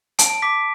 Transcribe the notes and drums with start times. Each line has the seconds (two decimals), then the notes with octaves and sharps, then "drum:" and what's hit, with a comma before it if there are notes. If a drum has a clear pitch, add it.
0.19 A5 D7, drum: hi-hat
0.42 D6 B6